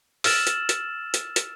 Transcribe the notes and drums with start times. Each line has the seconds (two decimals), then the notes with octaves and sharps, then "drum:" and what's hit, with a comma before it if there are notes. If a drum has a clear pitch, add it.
0.24 E6 F6 A6 E7 F#7, drum: open hi-hat
0.47 drum: hi-hat
0.69 drum: hi-hat
1.14 drum: hi-hat
1.36 drum: hi-hat